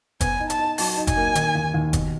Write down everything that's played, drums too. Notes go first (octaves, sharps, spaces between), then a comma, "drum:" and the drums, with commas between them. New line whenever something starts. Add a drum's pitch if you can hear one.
B3 G#5, drum: kick F#1, hi-hat
D#4
A5, drum: hi-hat
D#4
F#3 A5, drum: open hi-hat
D#4
G#5, drum: kick F#1, hi-hat
A#3
D#3, drum: hi-hat
D#2
D#2
B2, drum: kick F#1, hi-hat